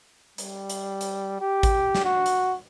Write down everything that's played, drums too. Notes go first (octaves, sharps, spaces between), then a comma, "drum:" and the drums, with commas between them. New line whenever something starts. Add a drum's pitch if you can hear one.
G3, drum: hi-hat
drum: hi-hat
drum: hi-hat
G4
drum: kick G#1, hi-hat
drum: snare
F#4
drum: hi-hat